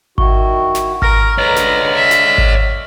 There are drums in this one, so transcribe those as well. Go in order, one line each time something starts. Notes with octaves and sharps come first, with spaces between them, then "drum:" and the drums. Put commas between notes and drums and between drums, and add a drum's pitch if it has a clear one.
D#3 E4 F#4 C#6, drum: kick G#1
drum: snare
A#4 F6 A#6, drum: kick G#1
D3 B4 C#5 D#5 A#5
drum: snare
E5
drum: snare
drum: kick G#1